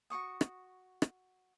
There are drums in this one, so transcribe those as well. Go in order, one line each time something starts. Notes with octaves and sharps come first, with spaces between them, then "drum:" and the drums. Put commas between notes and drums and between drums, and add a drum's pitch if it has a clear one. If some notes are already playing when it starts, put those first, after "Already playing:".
F#4 A4 C#6 D#6
drum: rim click
drum: rim click